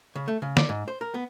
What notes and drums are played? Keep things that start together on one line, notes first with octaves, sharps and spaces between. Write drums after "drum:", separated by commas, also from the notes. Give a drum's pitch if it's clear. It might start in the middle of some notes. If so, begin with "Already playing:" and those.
C#3
A3
C#3
D5, drum: snare
G#2
C5
A#4
B3